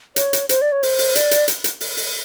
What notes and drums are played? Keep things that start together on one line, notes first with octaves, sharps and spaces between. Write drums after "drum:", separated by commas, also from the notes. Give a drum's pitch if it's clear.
C#5, drum: hi-hat
drum: hi-hat
C5, drum: hi-hat
D5
C#5
C5, drum: open hi-hat
drum: open hi-hat
D5, drum: hi-hat
drum: hi-hat
drum: hi-hat
drum: hi-hat
drum: open hi-hat
drum: open hi-hat